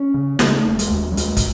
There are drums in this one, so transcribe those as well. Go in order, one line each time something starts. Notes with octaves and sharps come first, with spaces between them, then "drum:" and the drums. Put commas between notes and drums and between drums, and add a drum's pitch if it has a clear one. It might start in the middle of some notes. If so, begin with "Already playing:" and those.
Already playing: C#4
C#3
C#3 A3, drum: snare
G#3
A3
E1
G#3, drum: hi-hat
D#2
F#3
D#2 G#3, drum: hi-hat
drum: kick, hi-hat